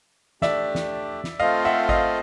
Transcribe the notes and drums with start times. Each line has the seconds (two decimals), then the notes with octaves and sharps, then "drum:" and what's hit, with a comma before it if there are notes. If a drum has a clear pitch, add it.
0.42 A3 D4 G4 D5 E5, drum: snare
0.75 drum: snare
1.24 drum: snare
1.39 A3 C4 F4 A4 C5 D#5 F5
1.65 E5 F#5
1.89 D#5 F5, drum: kick G#1